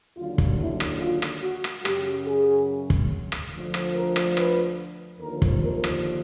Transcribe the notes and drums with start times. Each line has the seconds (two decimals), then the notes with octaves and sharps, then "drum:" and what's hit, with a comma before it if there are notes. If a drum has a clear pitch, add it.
0.17 D#2 D3 F#3 F4
0.38 drum: kick
0.59 E4
0.80 drum: rim click
1.01 F4
1.22 drum: rim click
1.43 F#4
1.64 drum: rim click
1.85 F#2 C#3 F#3 G4, drum: rim click
2.27 G#4
2.90 drum: kick
3.32 drum: rim click
3.53 D2 D3 F3
3.74 drum: rim click
3.95 A#4
4.16 drum: rim click
4.37 B4, drum: rim click
5.20 D#2 D3 F3 A#4
5.42 drum: kick
5.63 A#4
5.84 drum: rim click